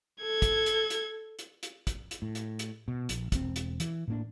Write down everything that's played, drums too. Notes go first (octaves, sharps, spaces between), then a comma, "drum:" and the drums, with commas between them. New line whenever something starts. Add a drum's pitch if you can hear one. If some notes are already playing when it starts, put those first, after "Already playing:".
A4 G#6
drum: kick, hi-hat
drum: hi-hat
drum: hi-hat
drum: hi-hat
drum: hi-hat
drum: kick, hi-hat
drum: hi-hat
A2
drum: hi-hat
drum: hi-hat
B2
A#1, drum: hi-hat
E1 C4, drum: kick, hi-hat
drum: hi-hat
E3, drum: hi-hat
A2 A#3 D4